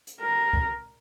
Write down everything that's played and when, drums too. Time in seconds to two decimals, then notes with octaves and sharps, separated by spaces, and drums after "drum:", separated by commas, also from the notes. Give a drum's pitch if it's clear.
0.07 drum: hi-hat
0.20 A#4
0.53 drum: kick C2